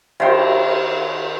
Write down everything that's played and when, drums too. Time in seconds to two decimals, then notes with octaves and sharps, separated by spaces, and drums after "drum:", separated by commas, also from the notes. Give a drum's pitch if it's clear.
0.20 D#3 C5, drum: cymbal